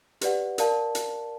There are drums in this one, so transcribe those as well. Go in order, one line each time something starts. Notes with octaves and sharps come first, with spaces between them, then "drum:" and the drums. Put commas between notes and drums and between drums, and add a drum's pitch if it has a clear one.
G4 B4 D5 F#5, drum: hi-hat
A#4 D5 F5 A5, drum: hi-hat
drum: hi-hat